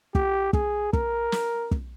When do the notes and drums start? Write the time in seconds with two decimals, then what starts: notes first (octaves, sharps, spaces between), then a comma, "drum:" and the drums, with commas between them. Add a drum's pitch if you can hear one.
0.15 G4, drum: kick
0.53 G#4, drum: kick
0.93 A#4, drum: kick
1.32 drum: snare
1.71 drum: kick